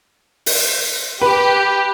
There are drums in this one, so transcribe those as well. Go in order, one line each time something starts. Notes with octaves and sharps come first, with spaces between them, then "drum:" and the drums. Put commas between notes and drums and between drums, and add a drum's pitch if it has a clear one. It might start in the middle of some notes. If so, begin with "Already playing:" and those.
drum: open hi-hat
G4 B4